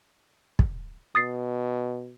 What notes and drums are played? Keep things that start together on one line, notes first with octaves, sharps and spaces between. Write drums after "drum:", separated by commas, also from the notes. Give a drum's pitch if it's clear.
drum: kick
B2 D#6 A6 C7